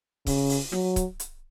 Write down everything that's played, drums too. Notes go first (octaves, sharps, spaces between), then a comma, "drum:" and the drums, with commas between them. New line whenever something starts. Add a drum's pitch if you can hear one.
C#3, drum: kick C#1, open hi-hat
drum: open hi-hat
F#3, drum: snare
drum: kick C#1, hi-hat
drum: hi-hat